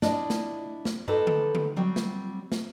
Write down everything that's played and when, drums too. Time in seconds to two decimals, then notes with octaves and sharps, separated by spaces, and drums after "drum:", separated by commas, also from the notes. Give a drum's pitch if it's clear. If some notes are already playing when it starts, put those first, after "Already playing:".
0.02 D4 E4 D5 D#5, drum: snare
0.30 drum: snare
0.85 drum: snare
1.08 D#4 G4 A4 B4 C5 D#5
1.27 drum: tom D3
1.55 drum: tom D3
1.76 F#3 G3 C4
1.96 drum: snare
2.52 drum: snare